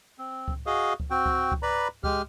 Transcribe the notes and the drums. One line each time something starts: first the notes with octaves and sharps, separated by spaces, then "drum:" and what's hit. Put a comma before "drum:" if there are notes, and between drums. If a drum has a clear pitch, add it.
C4
drum: kick C#2
F#4 G#4 D#5 F5 D#6
drum: kick C#2
C4 F#4 G5
drum: kick C#2
drum: kick C#2
B4 D5 A#5 B5
G#3 G4 F6, drum: kick C#2